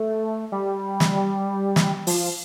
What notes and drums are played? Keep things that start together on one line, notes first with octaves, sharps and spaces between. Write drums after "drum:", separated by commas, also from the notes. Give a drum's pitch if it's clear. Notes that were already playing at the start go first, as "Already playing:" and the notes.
Already playing: A3
G3
drum: snare
drum: snare
F3, drum: open hi-hat